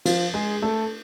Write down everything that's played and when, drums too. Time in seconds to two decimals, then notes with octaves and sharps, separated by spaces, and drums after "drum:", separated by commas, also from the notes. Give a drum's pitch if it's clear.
0.05 F3 F4, drum: cymbal
0.34 G#3 G#4
0.62 A3 A4